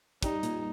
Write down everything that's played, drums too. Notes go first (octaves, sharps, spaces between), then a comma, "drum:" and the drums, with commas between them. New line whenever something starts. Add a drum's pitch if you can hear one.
G3 D#4, drum: kick, hi-hat
A#2, drum: hi-hat